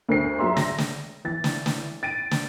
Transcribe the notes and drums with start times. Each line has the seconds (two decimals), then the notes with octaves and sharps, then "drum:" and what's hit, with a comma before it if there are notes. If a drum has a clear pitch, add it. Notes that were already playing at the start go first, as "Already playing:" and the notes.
0.09 D2 A#4 C5 C7
0.39 F#3 G#3 G#4 E5 A#5 C6
0.57 A#6, drum: snare
0.78 drum: snare
1.25 E3 A6
1.44 drum: snare
1.66 drum: snare
2.03 A6 D7 D#7
2.31 drum: snare